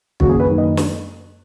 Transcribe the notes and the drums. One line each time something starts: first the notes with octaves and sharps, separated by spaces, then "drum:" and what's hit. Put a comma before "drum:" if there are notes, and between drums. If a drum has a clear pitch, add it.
F#2 C#3 F#3 A#3 C#4 F#4, drum: kick
G#4
B4
F#2 D#3 A#3 C#4
D#5
drum: snare